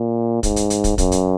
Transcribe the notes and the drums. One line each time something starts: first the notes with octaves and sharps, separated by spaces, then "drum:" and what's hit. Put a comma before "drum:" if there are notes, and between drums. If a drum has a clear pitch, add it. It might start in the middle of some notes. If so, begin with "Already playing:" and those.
Already playing: A#2
G#2, drum: kick, hi-hat
drum: hi-hat
drum: hi-hat
drum: kick, hi-hat
F#2, drum: kick, hi-hat
drum: hi-hat